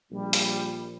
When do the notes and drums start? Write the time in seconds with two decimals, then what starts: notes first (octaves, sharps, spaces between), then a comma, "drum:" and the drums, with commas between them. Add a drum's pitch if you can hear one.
0.11 A#1 G3
0.33 drum: hi-hat